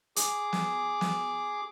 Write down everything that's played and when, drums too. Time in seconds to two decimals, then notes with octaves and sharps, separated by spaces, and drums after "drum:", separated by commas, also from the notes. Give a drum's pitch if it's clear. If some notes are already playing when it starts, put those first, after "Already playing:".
0.16 G#4 D6, drum: hi-hat
0.53 drum: snare
1.01 drum: snare